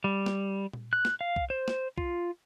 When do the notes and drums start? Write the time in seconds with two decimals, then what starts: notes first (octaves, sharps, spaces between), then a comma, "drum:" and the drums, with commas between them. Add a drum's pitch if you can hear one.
0.04 G3
0.26 drum: snare
0.73 drum: tom A#2
0.93 F#6
1.05 drum: snare
1.21 F5
1.36 drum: kick B1
1.50 C5
1.68 drum: snare
1.98 F4, drum: kick B1